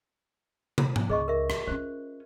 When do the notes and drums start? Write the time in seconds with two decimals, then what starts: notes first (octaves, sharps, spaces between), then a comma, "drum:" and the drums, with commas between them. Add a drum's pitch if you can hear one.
0.78 drum: tom
0.96 drum: tom G#2
1.10 C#2 G#4 D#5 C#6
1.28 A#4 E5
1.50 drum: rim click
1.68 C#4 F4 C5